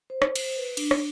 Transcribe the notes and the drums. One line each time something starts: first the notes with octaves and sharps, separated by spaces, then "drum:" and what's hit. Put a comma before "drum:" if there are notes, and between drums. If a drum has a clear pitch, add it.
C5
drum: rim click
drum: cymbal
B4
D4, drum: cymbal
drum: rim click